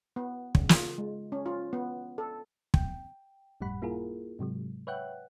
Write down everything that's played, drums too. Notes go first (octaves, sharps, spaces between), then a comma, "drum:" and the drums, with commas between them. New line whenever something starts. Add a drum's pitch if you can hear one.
B3
C#3, drum: kick
F4, drum: snare
G#3
C#4
F4
B3
A4
G5, drum: kick
G1 F2 A2 G3 F#5 B5
A#3 E4 F4 G#4 A#4
G#2 C3 F#3 G#3
B4 C#5 E5 F#5 G5 F#6